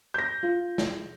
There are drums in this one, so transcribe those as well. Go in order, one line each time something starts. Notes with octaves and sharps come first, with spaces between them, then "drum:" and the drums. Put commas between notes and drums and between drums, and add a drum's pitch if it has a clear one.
G6 A#6
F4
drum: snare